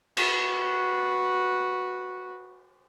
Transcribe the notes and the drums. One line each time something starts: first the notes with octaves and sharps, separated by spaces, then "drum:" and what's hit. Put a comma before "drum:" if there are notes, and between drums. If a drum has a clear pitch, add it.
F#4 B4, drum: cymbal